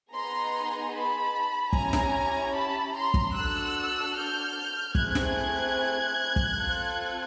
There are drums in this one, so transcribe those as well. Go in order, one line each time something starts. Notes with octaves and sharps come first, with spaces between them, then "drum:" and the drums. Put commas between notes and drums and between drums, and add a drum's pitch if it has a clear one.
B3 D#4 G#4 A#5 C6
A5 B5
C#4 E4 G4 G#5 A#5, drum: kick
drum: snare
A5 B5
A#5 C6
drum: kick
D4 F#4 A4 E6 F#6
F6 G6
A3 C4 E4 G#4 F#6 G#6, drum: kick
drum: snare
drum: kick
C4 F4 A4